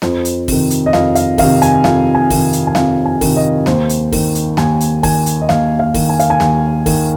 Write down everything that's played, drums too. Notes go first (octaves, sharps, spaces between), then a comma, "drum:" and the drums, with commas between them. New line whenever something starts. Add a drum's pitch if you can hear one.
F2 C5, drum: snare
drum: hi-hat
C3 D#3, drum: kick, open hi-hat
drum: hi-hat
D#5
F2 F5, drum: snare
F5, drum: hi-hat
C3 D#3 F5, drum: kick, open hi-hat
G#5, drum: hi-hat
F2 F5, drum: snare
G#5
C3 D#3, drum: kick, open hi-hat
drum: hi-hat
G#5
F2 F5, drum: snare
G#5
C3 D#3, drum: kick, open hi-hat
D#5
D#2 C5, drum: snare
drum: hi-hat
D#3, drum: kick, open hi-hat
drum: hi-hat
D#2 G#5, drum: snare
drum: hi-hat
D#3 G#5, drum: kick, open hi-hat
drum: hi-hat
D#5
D#2 F5, drum: snare
F5
D#3, drum: kick, open hi-hat
G#5
F5, drum: hi-hat
G#5
D#2, drum: snare
D#3, drum: kick, open hi-hat